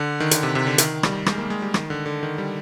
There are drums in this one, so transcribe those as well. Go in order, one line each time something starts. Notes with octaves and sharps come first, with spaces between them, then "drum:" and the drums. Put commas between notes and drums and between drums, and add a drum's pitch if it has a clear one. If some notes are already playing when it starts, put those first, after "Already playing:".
Already playing: D3
D#3
D3, drum: hi-hat
C3
C3
D3
D#3, drum: hi-hat
G3, drum: rim click
G#3, drum: rim click
A#3
G#3
G3
D#3, drum: rim click
D3
D3
D#3
G3